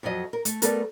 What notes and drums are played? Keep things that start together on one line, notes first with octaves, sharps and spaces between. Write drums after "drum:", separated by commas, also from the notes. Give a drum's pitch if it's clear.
F2 F3 F#3 D#5
A#4
A3, drum: hi-hat
G3 A3 B3 A4 A#4, drum: hi-hat